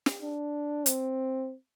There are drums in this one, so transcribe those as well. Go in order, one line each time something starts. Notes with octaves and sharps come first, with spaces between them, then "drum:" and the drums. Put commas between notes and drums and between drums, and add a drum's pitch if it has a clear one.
drum: snare
D4
C4, drum: hi-hat